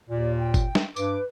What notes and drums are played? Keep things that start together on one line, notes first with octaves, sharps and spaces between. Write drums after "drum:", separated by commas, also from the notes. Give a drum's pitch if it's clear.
D#2 A#2 D5
G5
drum: kick G1, tambourine
drum: snare
G2 B4 D6, drum: tambourine